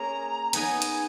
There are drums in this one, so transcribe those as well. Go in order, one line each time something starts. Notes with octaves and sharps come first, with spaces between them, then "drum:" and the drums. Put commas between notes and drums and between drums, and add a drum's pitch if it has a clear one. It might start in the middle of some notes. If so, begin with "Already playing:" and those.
Already playing: A#3 C#4 G#4 A#5
B3 D#4 G#4 B4 D#5 G#5, drum: hi-hat
drum: hi-hat